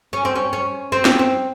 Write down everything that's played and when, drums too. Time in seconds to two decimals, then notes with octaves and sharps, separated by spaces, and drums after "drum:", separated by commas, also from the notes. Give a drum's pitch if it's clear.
0.13 C#4
0.25 C4
0.35 C#4
0.53 C#4
0.92 C4
1.05 drum: snare
1.19 C4